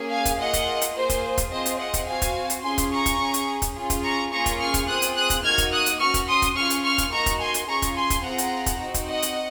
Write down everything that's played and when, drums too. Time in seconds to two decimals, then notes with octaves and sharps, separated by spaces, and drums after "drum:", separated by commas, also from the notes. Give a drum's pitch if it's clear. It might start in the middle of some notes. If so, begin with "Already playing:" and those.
Already playing: A#3 C#4 G#4
0.11 F5 G#5
0.25 drum: kick, hi-hat
0.39 A#3 F4 G#4 D#5 F#5
0.53 drum: kick, hi-hat
0.81 drum: hi-hat
0.96 A#3 F4 G#4 C5
1.09 drum: kick, hi-hat
1.38 drum: kick, hi-hat
1.51 C4 F4 G#4 C5 D#5
1.66 drum: hi-hat
1.79 D#5 F#5
1.94 drum: kick, hi-hat
2.08 C4 F#4 F5 G#5
2.22 drum: kick, hi-hat
2.50 drum: hi-hat
2.63 C#4 F4 G#4 G#5 C6
2.78 drum: kick, hi-hat
2.92 A#5 C#6
3.06 drum: kick, hi-hat
3.20 C#4 G#4
3.34 drum: hi-hat
3.62 drum: kick, hi-hat
3.76 C#4 F4 G#4
3.90 drum: kick, hi-hat
4.03 A#5 C#6
4.32 A#3 C#4 F4 G#4 A#5 C#6
4.46 drum: kick, hi-hat
4.60 C#6 F6
4.74 drum: kick, hi-hat
4.88 C4 F4 G#4 D#6 F#6
5.02 drum: hi-hat
5.16 D#6 F#6
5.30 drum: kick, hi-hat
5.44 A#3 D#4 F#4 F6 G#6
5.58 drum: kick, hi-hat
5.72 D#6 F#6
5.86 drum: hi-hat
6.00 C#4 F#4 C#6 F6
6.14 drum: kick, hi-hat
6.28 C6 D#6
6.42 drum: kick, hi-hat
6.56 C#4 F4 G#4 C#6 F6
6.70 drum: hi-hat
6.84 C#6 F6
6.98 drum: kick, hi-hat
7.12 A#3 D#4 F#4 A#5 C#6
7.26 drum: kick, hi-hat
7.40 G#5 C6
7.54 drum: hi-hat
7.68 C#4 F4 G#4 A#5 C#6
7.82 drum: kick, hi-hat
7.96 G#5 C6
8.10 drum: kick, hi-hat
8.24 C4 F4 G#4 F#5 A#5
8.38 drum: hi-hat
8.66 drum: kick, hi-hat
8.80 C4 D#4 F#4
8.94 drum: kick, hi-hat
9.08 D#5 F#5
9.22 drum: hi-hat